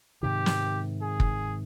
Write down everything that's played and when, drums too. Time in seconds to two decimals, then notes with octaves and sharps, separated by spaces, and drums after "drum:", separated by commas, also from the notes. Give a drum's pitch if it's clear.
0.23 G#2 C3 D#3 G4
0.46 drum: snare
1.01 G#4
1.20 drum: kick